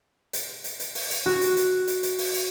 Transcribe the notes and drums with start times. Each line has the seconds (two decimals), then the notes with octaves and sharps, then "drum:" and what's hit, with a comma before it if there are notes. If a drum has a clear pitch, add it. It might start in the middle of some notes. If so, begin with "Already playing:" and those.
0.33 drum: hi-hat
0.64 drum: hi-hat
0.80 drum: hi-hat
0.95 drum: open hi-hat
1.10 drum: hi-hat
1.26 F#4
1.41 drum: hi-hat
1.57 drum: hi-hat
1.88 drum: hi-hat
2.03 drum: hi-hat
2.18 drum: open hi-hat
2.34 drum: hi-hat